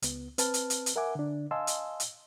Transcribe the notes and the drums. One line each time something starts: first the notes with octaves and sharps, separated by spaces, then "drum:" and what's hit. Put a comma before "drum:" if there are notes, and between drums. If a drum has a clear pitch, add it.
C#2 B3, drum: hi-hat
C4 B4 A5 F6, drum: hi-hat
drum: hi-hat
drum: hi-hat
drum: hi-hat
A#4 E5 F#5 G#5 D6
D3 D4
D#5 F5 G#5 A5 C6 E6
drum: hi-hat
drum: hi-hat